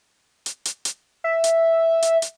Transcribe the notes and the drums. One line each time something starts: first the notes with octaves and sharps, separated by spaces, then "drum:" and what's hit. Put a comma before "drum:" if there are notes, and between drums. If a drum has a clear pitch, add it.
drum: hi-hat
drum: hi-hat
drum: hi-hat
E5
drum: hi-hat
drum: hi-hat
drum: hi-hat